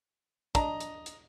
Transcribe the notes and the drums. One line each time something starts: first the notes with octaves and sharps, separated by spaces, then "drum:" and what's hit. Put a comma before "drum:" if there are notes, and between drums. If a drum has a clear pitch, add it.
D4 D#5 A#5, drum: kick, hi-hat
drum: hi-hat
drum: hi-hat